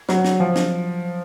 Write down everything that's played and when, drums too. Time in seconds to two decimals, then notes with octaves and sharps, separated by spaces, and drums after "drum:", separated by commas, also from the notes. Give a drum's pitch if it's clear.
0.09 F#3, drum: snare
0.25 drum: snare
0.40 F3
0.56 drum: snare